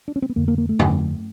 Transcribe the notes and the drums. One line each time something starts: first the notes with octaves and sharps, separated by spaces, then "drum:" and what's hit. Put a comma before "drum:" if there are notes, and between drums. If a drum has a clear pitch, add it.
D4
C#4
C4
B3
F2 D3 A#3
A#3
A#3
A3
F2 D3, drum: tom